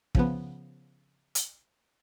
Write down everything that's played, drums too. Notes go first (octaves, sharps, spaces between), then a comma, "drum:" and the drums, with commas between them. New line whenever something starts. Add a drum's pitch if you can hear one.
C#3 F3 B3, drum: kick
drum: hi-hat